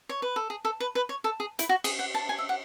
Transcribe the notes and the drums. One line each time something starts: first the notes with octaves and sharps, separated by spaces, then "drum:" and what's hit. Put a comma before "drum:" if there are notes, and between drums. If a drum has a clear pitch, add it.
C#5
B4
A4
G#4
A4
B4
B4
C#5
A4
G#4
E4, drum: hi-hat
F#4
G#4, drum: cymbal
F#5
A5
G#5
E5
F#5